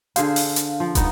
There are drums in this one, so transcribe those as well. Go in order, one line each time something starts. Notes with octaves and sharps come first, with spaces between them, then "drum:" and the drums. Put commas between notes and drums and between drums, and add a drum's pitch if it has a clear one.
D3 G#4 C5 F5, drum: hi-hat
drum: open hi-hat
drum: hi-hat
F3
B3 D#4 D#5, drum: kick, hi-hat